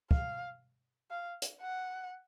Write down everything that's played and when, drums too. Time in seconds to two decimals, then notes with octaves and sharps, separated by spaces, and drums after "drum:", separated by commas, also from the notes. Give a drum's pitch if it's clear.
0.11 F5, drum: kick
1.11 F5
1.42 drum: hi-hat
1.61 F#5